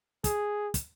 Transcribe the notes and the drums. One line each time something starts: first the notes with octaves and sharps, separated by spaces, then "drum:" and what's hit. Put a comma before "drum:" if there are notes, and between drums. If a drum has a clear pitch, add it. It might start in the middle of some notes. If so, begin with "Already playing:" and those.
G#4, drum: kick, hi-hat
drum: kick, hi-hat